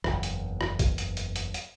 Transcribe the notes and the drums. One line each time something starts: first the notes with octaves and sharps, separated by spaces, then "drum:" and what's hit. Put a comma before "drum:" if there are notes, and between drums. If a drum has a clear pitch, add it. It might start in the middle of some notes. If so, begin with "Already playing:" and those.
F#1 E2, drum: rim click
drum: hi-hat
drum: rim click
drum: kick, hi-hat
drum: hi-hat
drum: hi-hat
drum: hi-hat
drum: hi-hat